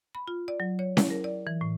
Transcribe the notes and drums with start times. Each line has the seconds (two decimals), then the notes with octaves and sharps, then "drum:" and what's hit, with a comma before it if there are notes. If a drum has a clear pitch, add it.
0.15 B5
0.28 F4
0.48 D5
0.60 F#3
0.79 C#5
0.97 E4, drum: snare C#4
1.10 A#4
1.24 D5
1.47 E3
1.61 A2